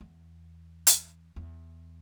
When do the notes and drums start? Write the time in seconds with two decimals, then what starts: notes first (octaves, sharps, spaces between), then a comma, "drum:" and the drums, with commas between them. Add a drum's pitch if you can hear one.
0.01 E2
0.87 drum: hi-hat
1.36 E2